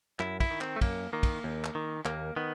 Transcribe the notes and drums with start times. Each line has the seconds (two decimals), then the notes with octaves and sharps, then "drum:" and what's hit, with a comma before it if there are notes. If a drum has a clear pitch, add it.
0.20 F#2 E4, drum: clap
0.40 E4, drum: kick, cymbal
0.51 D#3
0.61 C4, drum: clap
0.76 A3
0.81 F#2 A#3, drum: kick, cymbal
1.13 D#3 A#3
1.23 drum: kick, cymbal
1.44 D#2
1.64 drum: clap
1.75 D#3
2.05 D#2 A#3, drum: clap
2.36 D#3 B3